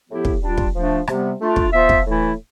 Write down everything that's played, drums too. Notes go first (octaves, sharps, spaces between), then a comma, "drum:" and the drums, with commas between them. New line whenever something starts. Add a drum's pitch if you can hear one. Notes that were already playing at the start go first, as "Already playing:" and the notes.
A2 F3 B3 E4 G4
drum: kick
G3 D4 F4
drum: kick
F3 A3 D4
C3 G3 B3, drum: rim click
A3 D4 F4
drum: kick
F3 B3 F4 C5 E5
drum: kick
A2 E3 A3 E4